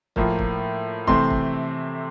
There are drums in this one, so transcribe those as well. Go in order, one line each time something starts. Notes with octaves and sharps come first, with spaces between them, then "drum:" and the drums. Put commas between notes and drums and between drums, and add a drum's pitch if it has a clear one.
A2 F3 A#3, drum: kick
drum: kick
C3 E3 A3 C4 C6, drum: kick
drum: kick